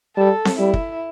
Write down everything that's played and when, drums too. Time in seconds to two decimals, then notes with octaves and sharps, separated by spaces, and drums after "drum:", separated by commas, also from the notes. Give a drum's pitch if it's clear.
0.17 G3 A4
0.45 drum: snare C4
0.59 G3 E4
0.74 drum: kick